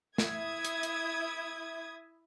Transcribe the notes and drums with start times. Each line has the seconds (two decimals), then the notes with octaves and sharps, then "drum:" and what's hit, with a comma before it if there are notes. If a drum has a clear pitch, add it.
0.18 E4 E5 D#6 G#6, drum: snare
0.65 drum: hi-hat
0.83 drum: hi-hat